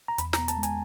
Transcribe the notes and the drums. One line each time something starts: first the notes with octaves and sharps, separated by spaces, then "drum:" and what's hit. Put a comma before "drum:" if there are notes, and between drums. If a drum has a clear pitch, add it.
A#5
E2 B5, drum: hi-hat
A#5, drum: snare
B3
A5, drum: hi-hat
G#3
G#5, drum: hi-hat